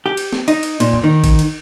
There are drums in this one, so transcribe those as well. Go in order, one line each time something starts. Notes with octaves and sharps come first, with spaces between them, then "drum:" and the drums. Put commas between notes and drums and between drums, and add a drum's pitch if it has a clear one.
G4
drum: cymbal
drum: snare C4
D#4, drum: cymbal
drum: cymbal
A#2, drum: cymbal
drum: tom
D#3
drum: kick, cymbal
drum: cymbal